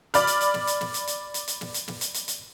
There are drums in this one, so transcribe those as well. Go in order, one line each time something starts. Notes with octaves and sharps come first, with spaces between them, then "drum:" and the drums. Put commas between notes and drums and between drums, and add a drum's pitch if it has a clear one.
D5 B5 F6, drum: hi-hat
drum: hi-hat
drum: hi-hat
drum: snare
drum: hi-hat
drum: snare
drum: hi-hat
drum: hi-hat
drum: hi-hat
drum: hi-hat
drum: snare
drum: hi-hat
drum: snare
drum: hi-hat
drum: hi-hat
drum: hi-hat